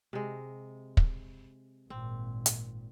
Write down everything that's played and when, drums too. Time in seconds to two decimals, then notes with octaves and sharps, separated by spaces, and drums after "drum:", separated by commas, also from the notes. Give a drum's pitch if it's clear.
0.13 C3 G#3
0.97 drum: kick
1.90 G#1 A#2 C4
2.46 drum: hi-hat